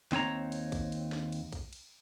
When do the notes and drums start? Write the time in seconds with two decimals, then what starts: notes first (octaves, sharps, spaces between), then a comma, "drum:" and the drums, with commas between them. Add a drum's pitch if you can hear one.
0.12 D#2 C4 C#5 A#5, drum: snare
0.52 drum: cymbal
0.72 drum: kick, cymbal
0.92 drum: cymbal
1.12 drum: snare
1.32 drum: cymbal
1.52 drum: kick, cymbal
1.73 drum: cymbal